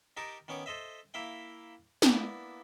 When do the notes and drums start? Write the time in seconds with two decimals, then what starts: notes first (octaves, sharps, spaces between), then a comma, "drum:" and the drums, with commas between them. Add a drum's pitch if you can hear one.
0.17 D#4 G4 A#4 A5 C#6 D6
0.48 D#3 B3 C#4 C#5 C#6 D6
0.66 A4 C5 D#5 E5
1.14 A#3 E4 E5 F5 G5
2.02 A#3 B3 D4 E4, drum: snare